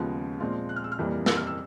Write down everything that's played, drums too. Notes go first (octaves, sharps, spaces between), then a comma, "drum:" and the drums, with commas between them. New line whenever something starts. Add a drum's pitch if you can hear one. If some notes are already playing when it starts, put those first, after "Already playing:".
Already playing: D#2 C#3 F3 G#3 B3
A#2 F3 G#3 C4 F4
F#6
F6
E6
F6
F2 C3 E3 G3 A#3
E6, drum: snare
F6
E6